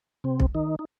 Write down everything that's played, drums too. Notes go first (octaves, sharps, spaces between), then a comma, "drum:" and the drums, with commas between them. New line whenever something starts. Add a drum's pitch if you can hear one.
C3 C4
drum: kick B1
D#3 D#4
D#4